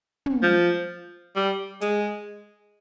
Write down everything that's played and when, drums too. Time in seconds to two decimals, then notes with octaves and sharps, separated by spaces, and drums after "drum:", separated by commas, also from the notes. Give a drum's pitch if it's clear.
0.26 drum: tom
0.43 F3
1.36 G3
1.81 G#3, drum: hi-hat